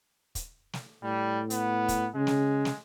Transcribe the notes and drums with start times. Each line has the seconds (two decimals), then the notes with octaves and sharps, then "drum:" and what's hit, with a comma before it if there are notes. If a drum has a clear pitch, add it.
0.35 drum: kick, hi-hat
0.73 drum: snare
1.03 A2 G3
1.50 B3, drum: hi-hat
1.88 drum: kick, hi-hat
2.15 C#3 G#3
2.27 drum: snare
2.65 drum: snare